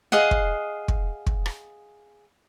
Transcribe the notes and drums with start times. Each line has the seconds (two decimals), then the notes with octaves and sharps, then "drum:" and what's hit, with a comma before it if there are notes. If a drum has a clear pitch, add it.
0.12 G#4 D#5 F5 F#5
0.31 drum: kick
0.88 drum: kick
1.27 drum: kick
1.46 drum: rim click